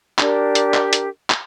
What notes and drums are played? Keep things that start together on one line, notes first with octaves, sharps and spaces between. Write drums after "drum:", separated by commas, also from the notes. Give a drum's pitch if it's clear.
D4 G4 A#4, drum: clap
drum: hi-hat
drum: clap
drum: hi-hat
drum: clap